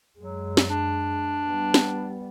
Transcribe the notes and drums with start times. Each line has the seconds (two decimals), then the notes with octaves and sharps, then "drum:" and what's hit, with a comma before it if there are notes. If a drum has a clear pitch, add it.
0.20 F#2 F#3 G#3
0.57 drum: snare
0.69 D4
1.45 G3 B3
1.74 drum: snare